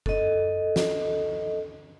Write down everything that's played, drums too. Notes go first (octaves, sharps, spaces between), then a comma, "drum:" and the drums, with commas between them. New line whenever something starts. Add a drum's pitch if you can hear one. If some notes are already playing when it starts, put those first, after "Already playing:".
A4 D#5, drum: kick F#1
drum: snare